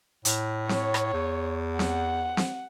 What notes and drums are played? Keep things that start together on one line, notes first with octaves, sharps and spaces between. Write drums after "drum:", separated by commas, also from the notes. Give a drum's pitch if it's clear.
A2, drum: hi-hat
C#5, drum: snare C4
drum: rim click
E2
F#5, drum: snare C4
drum: snare C4